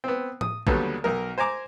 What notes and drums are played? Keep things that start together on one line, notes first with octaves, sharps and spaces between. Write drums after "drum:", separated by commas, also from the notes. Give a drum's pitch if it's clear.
B3 C4
D#6, drum: tom A2
D#2 D3 F#3 G3 B3, drum: kick
B1 A#4
C5 G#5 A#5 D6